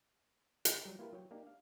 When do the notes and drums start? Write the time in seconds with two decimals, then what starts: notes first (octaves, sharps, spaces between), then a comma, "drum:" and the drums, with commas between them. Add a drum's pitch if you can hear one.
0.65 drum: hi-hat
0.83 F#3 G3 A#5
0.99 A#3 E4 F4 G4 A#4 B4
1.13 F#3 C#5 G5
1.31 A#3 D4 D#4 G4
1.47 F5